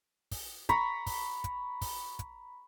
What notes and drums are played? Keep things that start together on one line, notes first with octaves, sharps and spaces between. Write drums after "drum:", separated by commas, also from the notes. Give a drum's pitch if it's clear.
drum: kick, open hi-hat
A#5 B5 C#6, drum: kick, hi-hat
drum: kick, open hi-hat
drum: kick, hi-hat
drum: kick, open hi-hat
drum: kick, hi-hat